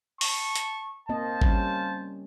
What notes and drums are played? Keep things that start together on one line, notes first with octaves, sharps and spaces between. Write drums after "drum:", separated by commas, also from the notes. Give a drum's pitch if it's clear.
A5 C#6, drum: open hi-hat
drum: hi-hat
A#3 C4 C5 D#5 F5 A5
G3 C#4, drum: kick G#1